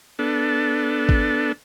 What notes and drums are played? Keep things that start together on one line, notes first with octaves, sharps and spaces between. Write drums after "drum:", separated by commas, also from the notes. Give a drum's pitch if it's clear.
B3 D4 A4
drum: kick G#1